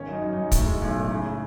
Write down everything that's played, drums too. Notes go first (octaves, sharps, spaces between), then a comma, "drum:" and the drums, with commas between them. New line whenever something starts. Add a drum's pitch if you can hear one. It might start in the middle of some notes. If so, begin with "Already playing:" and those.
Already playing: G#1 D#3 C#4
F#2 D#4
F#2
D#4
F#2
A2, drum: kick, hi-hat
G#3
B1
A2
C#3
C#3